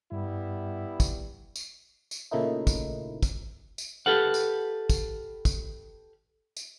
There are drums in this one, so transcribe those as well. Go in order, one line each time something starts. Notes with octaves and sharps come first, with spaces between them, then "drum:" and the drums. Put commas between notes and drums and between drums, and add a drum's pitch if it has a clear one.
G2 G3 B3 E4
drum: kick, tambourine
drum: tambourine
drum: tambourine
A#2 C#3 A3 A#3 D#4 E4
drum: kick, tambourine
drum: kick, tambourine
drum: tambourine
G4 A4 B4 F5 F#5
drum: tambourine
drum: kick, tambourine
drum: kick, tambourine
drum: tambourine